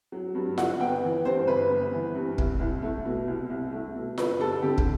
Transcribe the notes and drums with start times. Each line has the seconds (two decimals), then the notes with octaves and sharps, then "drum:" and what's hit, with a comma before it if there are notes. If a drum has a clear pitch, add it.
0.12 F#3
0.35 G2
0.58 G1 F#5, drum: snare F4
0.80 B3 G5
1.03 E3
1.25 G2 C5
1.47 G1 B4
1.70 B3
1.93 E3
2.15 G2
2.38 C2, drum: kick
2.60 C2
2.82 A3
3.05 B2
3.28 C2
3.50 C2
3.73 A3
3.95 B2
4.18 G1 B4, drum: snare F4
4.40 G3 A4
4.62 D3 G4
4.78 drum: kick